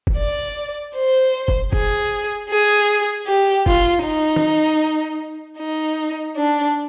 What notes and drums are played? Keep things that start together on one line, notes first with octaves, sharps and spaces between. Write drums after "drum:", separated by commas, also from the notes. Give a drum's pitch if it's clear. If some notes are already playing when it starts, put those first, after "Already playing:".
drum: kick
D5
C5
drum: kick
G#4, drum: kick
G#4
G4
F4, drum: kick
D#4
drum: tom
D#4
D4